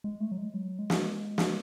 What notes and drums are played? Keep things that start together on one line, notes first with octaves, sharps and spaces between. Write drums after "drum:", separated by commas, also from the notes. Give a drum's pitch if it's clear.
G#3
A3
F#3
G#3
F#3
G#3
drum: snare
drum: snare